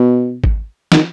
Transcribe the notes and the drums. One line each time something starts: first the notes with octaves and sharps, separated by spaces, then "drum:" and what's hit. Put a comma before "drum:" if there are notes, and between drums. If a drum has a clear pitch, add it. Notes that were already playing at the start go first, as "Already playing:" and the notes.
Already playing: B2
drum: kick G#1
D#3, drum: snare